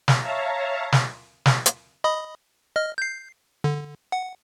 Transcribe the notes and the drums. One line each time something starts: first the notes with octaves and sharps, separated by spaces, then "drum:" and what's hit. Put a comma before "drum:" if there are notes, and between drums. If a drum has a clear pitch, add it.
drum: snare
C#5 E5 F5 A5 A#5
drum: snare
drum: snare
drum: hi-hat
D#5 B5 D#6
D#5 F6
G6 C7
D3
F#5